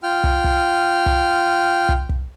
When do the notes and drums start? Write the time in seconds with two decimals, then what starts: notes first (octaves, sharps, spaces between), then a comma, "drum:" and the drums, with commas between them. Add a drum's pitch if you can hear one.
0.03 F4 G5 F6
0.24 drum: kick
0.44 drum: kick
1.06 drum: kick
1.89 drum: kick
2.09 drum: kick